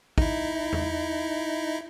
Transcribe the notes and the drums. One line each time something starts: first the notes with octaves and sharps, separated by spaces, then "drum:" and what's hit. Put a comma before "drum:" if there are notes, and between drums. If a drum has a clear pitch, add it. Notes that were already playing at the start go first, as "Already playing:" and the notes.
D#4 E4, drum: kick
drum: tom E2